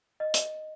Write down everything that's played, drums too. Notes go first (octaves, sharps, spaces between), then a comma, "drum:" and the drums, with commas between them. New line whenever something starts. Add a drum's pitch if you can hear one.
D#5
drum: hi-hat